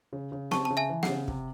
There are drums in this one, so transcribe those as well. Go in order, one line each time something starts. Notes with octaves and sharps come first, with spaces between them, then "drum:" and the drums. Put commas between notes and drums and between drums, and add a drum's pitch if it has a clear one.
C#3
C#3
C4 A5 C#6, drum: snare
A5
C#3
E5 G#5
E3
F#5, drum: snare
C#3
C3, drum: kick